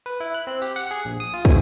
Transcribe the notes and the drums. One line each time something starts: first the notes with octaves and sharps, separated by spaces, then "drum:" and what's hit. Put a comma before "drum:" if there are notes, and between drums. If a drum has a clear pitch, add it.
B4
E4
F#6
C4
G4, drum: tambourine
F#5, drum: tambourine
G#4
A#1
D#6
F4
G#5, drum: kick, tambourine